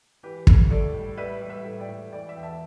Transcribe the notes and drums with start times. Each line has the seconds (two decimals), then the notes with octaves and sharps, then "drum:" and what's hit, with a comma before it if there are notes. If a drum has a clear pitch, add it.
0.23 E3 G4 B4
0.47 A2, drum: kick
0.70 A2 A4 D5
0.94 G3
1.17 G3 B4 E5
1.41 G3
1.49 B4 E5
1.65 A2
1.80 D5 G5
1.88 A2
2.12 E3 D5 G5
2.29 E5
2.35 E2 G5
2.43 E5 A5